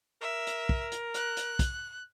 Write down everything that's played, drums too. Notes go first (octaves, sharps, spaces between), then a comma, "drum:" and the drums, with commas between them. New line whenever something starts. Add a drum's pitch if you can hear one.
A#4 E5
drum: hi-hat
drum: kick
drum: hi-hat
F#6, drum: hi-hat
drum: hi-hat
drum: kick, hi-hat